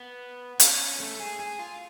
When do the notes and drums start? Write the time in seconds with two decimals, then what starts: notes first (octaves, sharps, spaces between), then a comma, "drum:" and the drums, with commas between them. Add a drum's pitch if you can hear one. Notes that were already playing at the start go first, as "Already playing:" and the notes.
Already playing: B3
0.60 C#4, drum: hi-hat
1.00 A3
1.20 G#4
1.40 G#4
1.59 F4